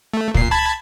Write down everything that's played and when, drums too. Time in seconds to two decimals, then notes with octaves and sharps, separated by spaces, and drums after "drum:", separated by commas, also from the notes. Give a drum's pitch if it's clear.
0.13 A3
0.34 A#2 C7, drum: kick C#2
0.51 A5 B5 G#6